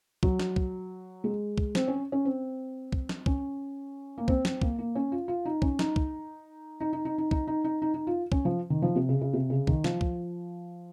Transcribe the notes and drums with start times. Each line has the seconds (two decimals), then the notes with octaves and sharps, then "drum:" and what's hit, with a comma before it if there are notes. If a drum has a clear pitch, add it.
0.23 F#3, drum: kick
0.39 drum: snare
0.56 drum: kick
1.24 G#3
1.58 drum: kick
1.75 C4, drum: snare
1.88 C#4
2.12 C#4
2.25 C4
2.92 drum: kick
3.09 drum: snare
3.26 C#4, drum: kick
4.18 A#3
4.28 C4, drum: kick
4.45 C4, drum: snare
4.62 A#3, drum: kick
4.78 A#3
4.95 C#4
5.12 F4
5.28 F4
5.45 D#4
5.62 C#4, drum: kick
5.79 D#4, drum: snare
5.96 drum: kick
6.80 D#4
6.93 D#4
7.05 D#4
7.18 D#4
7.31 D#4, drum: kick
7.47 D#4
7.64 D#4
7.82 D#4
7.94 D#4
8.07 F4
8.32 C#4, drum: kick
8.45 F3
8.70 D#3
8.82 F3
8.95 C3
9.09 C#3
9.21 C#3
9.33 C3
9.50 C#3
9.67 D#3, drum: kick
9.84 F3, drum: snare
10.01 drum: kick